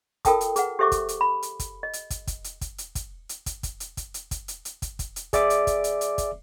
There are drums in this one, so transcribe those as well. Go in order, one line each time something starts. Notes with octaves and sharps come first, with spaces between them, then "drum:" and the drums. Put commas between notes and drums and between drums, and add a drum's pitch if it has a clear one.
F4 A4 A#4 G5 A5 D#6, drum: kick, hi-hat
drum: hi-hat
G#4 B4 F#5, drum: hi-hat
G4 A4 C5 E5 C#6 D6
drum: kick, hi-hat
drum: hi-hat
B5
drum: hi-hat
drum: kick, hi-hat
D#5
drum: hi-hat
drum: kick, hi-hat
drum: kick, hi-hat
drum: hi-hat
drum: kick, hi-hat
drum: hi-hat
drum: kick, hi-hat
drum: hi-hat
drum: kick, hi-hat
drum: kick, hi-hat
drum: hi-hat
drum: kick, hi-hat
drum: hi-hat
drum: kick, hi-hat
drum: hi-hat
drum: hi-hat
drum: kick, hi-hat
drum: kick, hi-hat
drum: hi-hat
G#4 D5 E5 D6, drum: kick, hi-hat
drum: hi-hat
drum: kick, hi-hat
drum: hi-hat
drum: hi-hat
drum: kick, hi-hat